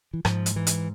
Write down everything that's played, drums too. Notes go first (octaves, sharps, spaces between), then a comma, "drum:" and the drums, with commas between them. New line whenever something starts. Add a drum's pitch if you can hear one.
E3
G#2 F3, drum: rim click
drum: hi-hat
E3
drum: hi-hat